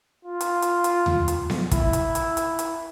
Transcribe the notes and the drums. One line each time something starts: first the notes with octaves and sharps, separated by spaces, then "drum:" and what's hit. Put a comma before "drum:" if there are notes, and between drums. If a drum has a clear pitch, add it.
F4
drum: hi-hat
drum: hi-hat
drum: hi-hat
drum: tom D#2
drum: hi-hat
drum: snare B3
E4, drum: kick, hi-hat
drum: hi-hat
drum: hi-hat
drum: hi-hat
drum: hi-hat